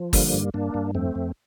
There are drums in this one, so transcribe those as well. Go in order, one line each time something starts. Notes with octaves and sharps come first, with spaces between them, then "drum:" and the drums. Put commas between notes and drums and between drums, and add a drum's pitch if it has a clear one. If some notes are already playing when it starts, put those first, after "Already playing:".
Already playing: F3
D3 G3 A#3, drum: kick, open hi-hat
G2
G2 A#3 D4
G2
F2 A3 C4
F2